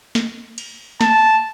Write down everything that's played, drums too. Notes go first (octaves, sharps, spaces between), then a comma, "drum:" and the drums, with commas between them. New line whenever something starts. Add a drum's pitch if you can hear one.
drum: snare
drum: cymbal
A5, drum: snare